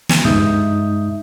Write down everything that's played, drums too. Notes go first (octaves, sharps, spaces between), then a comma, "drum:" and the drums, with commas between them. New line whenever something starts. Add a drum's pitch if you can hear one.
drum: snare
G2 G#3 D#4 E5 D#6 G6, drum: kick